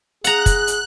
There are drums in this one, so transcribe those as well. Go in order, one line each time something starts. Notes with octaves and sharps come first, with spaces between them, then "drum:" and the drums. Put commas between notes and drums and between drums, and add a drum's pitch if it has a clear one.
G#4 F#5 A#5 F#6, drum: hi-hat
drum: kick, hi-hat
drum: hi-hat